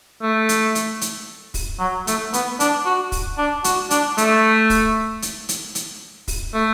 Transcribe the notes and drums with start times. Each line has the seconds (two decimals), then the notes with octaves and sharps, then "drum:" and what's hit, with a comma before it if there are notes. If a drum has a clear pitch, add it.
0.22 A3
0.49 drum: hi-hat
0.75 drum: hi-hat
1.01 drum: hi-hat
1.54 drum: kick, open hi-hat
1.80 F#3
2.07 A3, drum: hi-hat
2.33 B3, drum: hi-hat
2.60 D4, drum: hi-hat
2.86 F#4
3.12 drum: kick, open hi-hat
3.38 D4
3.64 F#4, drum: hi-hat
3.90 D4, drum: hi-hat
4.18 A3, drum: hi-hat
4.70 drum: kick, open hi-hat
5.22 drum: hi-hat
5.49 drum: hi-hat
5.75 drum: hi-hat
6.28 drum: kick, open hi-hat
6.54 A3